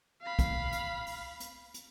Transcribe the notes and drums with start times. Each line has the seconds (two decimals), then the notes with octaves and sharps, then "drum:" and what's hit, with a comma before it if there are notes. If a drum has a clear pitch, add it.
0.22 F5 B5
0.39 drum: kick, hi-hat
0.73 drum: hi-hat
1.06 drum: open hi-hat
1.40 drum: hi-hat
1.74 drum: hi-hat